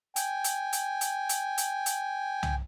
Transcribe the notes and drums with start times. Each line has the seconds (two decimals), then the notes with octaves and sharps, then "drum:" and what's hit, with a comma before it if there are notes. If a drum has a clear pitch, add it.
0.16 G5 G#5, drum: hi-hat
0.44 drum: hi-hat
0.73 drum: hi-hat
1.01 drum: hi-hat
1.29 drum: hi-hat
1.58 drum: hi-hat
1.86 drum: hi-hat
2.43 drum: tom C2